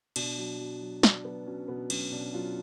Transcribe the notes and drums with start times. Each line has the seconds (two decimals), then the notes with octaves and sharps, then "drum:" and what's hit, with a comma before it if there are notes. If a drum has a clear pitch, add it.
0.16 B2 D4, drum: cymbal
0.38 F#3
0.59 F#3
0.81 F#3
1.03 F#3 D4, drum: snare
1.25 F#3 B3
1.46 F#3 C#4
1.68 B2 B3
1.90 F#3 C#4, drum: cymbal
2.12 B2 D4
2.33 F#3 F4